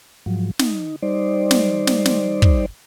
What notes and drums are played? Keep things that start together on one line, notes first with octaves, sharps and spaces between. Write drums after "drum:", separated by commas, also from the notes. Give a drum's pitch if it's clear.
G#2 F3 F#3
D#4, drum: snare
G3 D#4 C5 D5
drum: snare
drum: snare
drum: snare
drum: kick